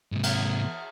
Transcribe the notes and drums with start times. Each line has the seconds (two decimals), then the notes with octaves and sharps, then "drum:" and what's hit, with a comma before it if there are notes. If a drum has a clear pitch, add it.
0.12 G#2 C3
0.23 drum: cymbal